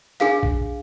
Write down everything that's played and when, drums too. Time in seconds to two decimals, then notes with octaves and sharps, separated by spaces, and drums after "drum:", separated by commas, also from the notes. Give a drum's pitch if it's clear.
0.21 D4 G#4 F5, drum: clap
0.43 drum: kick